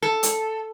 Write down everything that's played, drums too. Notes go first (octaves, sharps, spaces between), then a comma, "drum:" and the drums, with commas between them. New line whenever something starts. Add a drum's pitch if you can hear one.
A4
drum: hi-hat